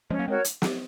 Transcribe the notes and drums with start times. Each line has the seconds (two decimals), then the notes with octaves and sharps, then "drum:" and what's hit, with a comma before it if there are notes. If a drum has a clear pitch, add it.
0.10 F3 G#3 C#4
0.19 F#3 A#3
0.27 G#3 C4 F#4 A#4 C#5
0.44 drum: hi-hat
0.62 drum: snare